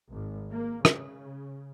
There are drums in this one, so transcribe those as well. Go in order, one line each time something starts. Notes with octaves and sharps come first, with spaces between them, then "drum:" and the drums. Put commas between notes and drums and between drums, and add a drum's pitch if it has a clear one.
G#1
A#3
C#3, drum: rim click